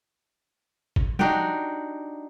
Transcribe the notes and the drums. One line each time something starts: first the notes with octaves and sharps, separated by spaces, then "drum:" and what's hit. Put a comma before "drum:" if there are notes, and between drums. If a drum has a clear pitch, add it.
drum: kick
D4 D#4 F#4 G4, drum: tom F3